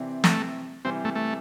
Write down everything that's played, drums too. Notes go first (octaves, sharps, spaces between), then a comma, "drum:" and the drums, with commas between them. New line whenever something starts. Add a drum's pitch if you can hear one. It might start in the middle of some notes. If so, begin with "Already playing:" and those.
Already playing: C3 E3 C4 G4 D5
A3, drum: snare
C3 E3 G3 C4
A3
A3